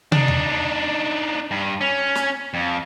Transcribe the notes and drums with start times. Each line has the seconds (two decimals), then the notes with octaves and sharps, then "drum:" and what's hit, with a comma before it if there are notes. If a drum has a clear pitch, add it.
0.12 D4 D#4, drum: tom
0.28 drum: tom D#2
1.51 G2
1.81 C#4
2.15 drum: snare
2.54 F2